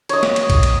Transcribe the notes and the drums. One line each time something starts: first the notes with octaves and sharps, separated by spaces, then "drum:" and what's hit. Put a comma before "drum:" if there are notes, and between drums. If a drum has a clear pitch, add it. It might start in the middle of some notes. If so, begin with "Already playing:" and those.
C#5 D#5, drum: cymbal
drum: snare A#3
drum: cymbal
drum: kick, cymbal
drum: cymbal